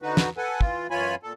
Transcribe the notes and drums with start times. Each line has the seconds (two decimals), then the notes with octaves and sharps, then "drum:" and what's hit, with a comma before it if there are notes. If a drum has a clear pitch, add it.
0.02 D3 D#4 F#4 B4
0.17 drum: snare
0.37 A4 B4 F#5 G#5
0.61 E3 F4, drum: kick
0.91 F#2 E3 F4 C#5 G#5 B5
1.23 A#2 A4